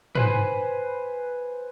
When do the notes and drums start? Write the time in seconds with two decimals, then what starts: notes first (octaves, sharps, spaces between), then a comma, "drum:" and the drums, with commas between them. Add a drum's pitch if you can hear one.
0.15 B4 C5 G#5, drum: tom